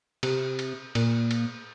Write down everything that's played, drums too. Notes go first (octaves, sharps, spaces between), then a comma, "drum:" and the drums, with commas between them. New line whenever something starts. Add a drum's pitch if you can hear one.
C3, drum: cymbal
drum: cymbal
A#2, drum: cymbal
drum: cymbal